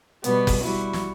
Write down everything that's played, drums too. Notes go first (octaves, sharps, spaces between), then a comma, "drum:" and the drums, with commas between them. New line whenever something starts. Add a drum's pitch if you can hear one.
B2 G3 B3, drum: hi-hat
drum: kick F#1, open hi-hat
G3 E4 F#4
drum: snare